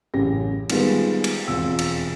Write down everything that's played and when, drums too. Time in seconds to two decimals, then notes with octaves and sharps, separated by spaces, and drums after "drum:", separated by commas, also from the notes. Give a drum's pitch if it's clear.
0.14 A1 F#2 C#3 G4 A#6
0.70 D#3 G3 G#3 B3 F4, drum: cymbal
1.24 drum: cymbal
1.48 E1 F2 F4 E6
1.79 drum: cymbal